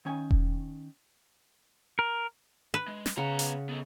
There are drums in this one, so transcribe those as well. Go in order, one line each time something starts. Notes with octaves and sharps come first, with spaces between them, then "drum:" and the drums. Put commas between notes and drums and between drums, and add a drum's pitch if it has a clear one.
D#3 C#4 G#5
drum: kick E1
A#4
B4
G#3
drum: snare
C#3 B3 F#5 A#5
drum: hi-hat
B3 A4